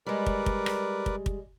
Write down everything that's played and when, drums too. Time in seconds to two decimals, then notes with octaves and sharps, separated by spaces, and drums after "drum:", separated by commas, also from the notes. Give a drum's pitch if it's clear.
0.06 G3 G#3 A#4 B4 D5
0.26 drum: kick
0.46 drum: kick
0.66 drum: rim click
1.06 drum: kick
1.26 drum: kick